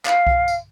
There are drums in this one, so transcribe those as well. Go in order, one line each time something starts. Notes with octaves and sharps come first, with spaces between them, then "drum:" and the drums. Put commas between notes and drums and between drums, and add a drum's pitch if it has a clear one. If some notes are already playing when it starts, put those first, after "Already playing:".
F5, drum: clap
drum: kick B1
drum: tambourine